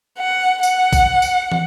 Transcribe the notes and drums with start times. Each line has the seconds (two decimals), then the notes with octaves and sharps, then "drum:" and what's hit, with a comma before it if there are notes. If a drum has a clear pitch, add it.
0.19 F#5
0.63 F#5, drum: tambourine
0.93 drum: kick A#1, tambourine
1.22 drum: tambourine
1.52 drum: tom